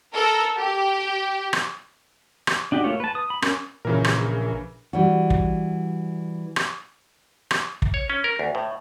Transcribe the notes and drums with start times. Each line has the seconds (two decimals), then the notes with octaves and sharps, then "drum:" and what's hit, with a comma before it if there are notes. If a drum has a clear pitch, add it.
0.13 A4 A#4
0.58 G4
1.53 drum: rim click
2.47 drum: rim click
2.72 D4 D#4 F#4 G4 D5
2.84 A3 A#3 F4 C#5
3.00 B4 A5
3.15 D#6
3.30 B5
3.42 C#4 A#4, drum: rim click
3.85 A#1 C#3 E3 A#4
4.04 drum: rim click
4.93 E3 G3 F#4
5.30 drum: kick
6.56 drum: rim click
7.51 drum: rim click
7.82 drum: kick
7.94 C#5
8.10 C#4
8.24 A#4
8.39 D2
8.55 A2